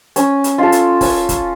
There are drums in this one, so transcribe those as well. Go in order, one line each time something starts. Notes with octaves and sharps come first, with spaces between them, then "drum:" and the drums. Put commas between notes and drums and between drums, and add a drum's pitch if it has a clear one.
C#4, drum: hi-hat
drum: hi-hat
F4 A4
drum: hi-hat
C#4, drum: kick, open hi-hat
drum: kick, hi-hat